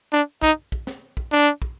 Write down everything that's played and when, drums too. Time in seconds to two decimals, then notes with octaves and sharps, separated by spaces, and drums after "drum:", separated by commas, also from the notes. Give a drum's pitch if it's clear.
0.13 D4
0.42 D#4, drum: kick
0.72 drum: kick
0.87 drum: snare
1.17 drum: kick
1.32 D4
1.62 drum: kick